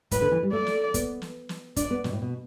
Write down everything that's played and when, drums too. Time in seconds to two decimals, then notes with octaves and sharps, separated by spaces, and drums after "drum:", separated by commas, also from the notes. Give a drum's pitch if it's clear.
0.11 A2 B4, drum: kick, hi-hat
0.22 D3
0.32 E3
0.43 G3
0.53 A3 D5
0.67 drum: snare
0.94 B3, drum: kick, hi-hat
1.22 drum: snare
1.49 drum: snare
1.76 D4 D5, drum: kick, hi-hat
1.90 B3
2.04 B2, drum: snare
2.13 A2
2.22 B2